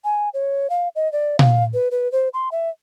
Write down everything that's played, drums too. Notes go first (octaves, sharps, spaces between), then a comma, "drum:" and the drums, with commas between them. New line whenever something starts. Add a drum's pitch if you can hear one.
G#5
C#5
F5
D#5
D5
F5, drum: tom A#2
B4
B4
C5
C6
E5